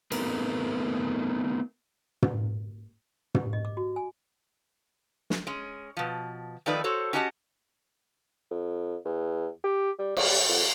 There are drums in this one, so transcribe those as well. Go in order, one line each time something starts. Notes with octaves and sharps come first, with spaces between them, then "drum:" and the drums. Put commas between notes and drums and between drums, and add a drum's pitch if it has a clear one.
A3 B3 C4 D#4 A#4 B4, drum: cymbal
drum: tom
G4, drum: tom
D#5
D6
F#4
G#5
drum: snare
G#3 C#4
B2 F3
D#3 F3 A3 D#4 B4 D5
F#4 A4 C5 C#5
C#4 D4 F#4 G4 D#5 A5
F2
E2
G4
G3
G3, drum: cymbal
F2